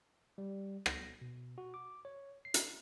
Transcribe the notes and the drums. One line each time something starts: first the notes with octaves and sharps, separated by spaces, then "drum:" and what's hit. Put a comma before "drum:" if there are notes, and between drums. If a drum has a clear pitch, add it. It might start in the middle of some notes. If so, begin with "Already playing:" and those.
G3
A#6, drum: rim click
B2
F#4
D6
C#5
C7
drum: hi-hat